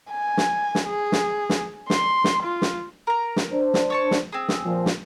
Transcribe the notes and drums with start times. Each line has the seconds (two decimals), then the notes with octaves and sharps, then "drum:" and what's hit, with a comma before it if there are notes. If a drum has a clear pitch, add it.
0.11 G#5
0.37 drum: snare
0.75 drum: snare
0.86 G#4
1.12 drum: snare
1.50 drum: snare
1.90 C6, drum: snare
2.24 drum: snare
2.43 F4
2.62 drum: snare
3.07 A#4 A#5
3.36 drum: snare
3.52 D4 C5
3.74 drum: snare
3.90 C#5 A5 C#6
4.11 drum: snare
4.32 C4 G#4
4.49 drum: snare
4.65 A#2 F3
4.86 drum: snare